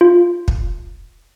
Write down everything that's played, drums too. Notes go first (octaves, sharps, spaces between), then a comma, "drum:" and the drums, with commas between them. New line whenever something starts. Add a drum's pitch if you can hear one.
F4
drum: kick